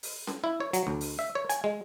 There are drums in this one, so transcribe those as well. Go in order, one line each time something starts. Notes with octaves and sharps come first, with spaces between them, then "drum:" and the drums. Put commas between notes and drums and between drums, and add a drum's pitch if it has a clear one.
drum: open hi-hat
drum: snare C#4
E4
C#5
F#3, drum: hi-hat
D2
drum: open hi-hat
E5
C#5
G#5, drum: hi-hat
G#3